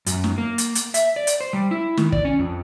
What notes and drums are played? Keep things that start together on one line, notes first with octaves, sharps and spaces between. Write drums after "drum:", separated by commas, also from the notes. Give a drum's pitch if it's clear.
F#2, drum: hi-hat
drum: snare
A#3
drum: hi-hat
drum: hi-hat
E5, drum: hi-hat
D5
drum: hi-hat
C5
G3
E4
D#3, drum: snare
D5, drum: kick
C#4
F2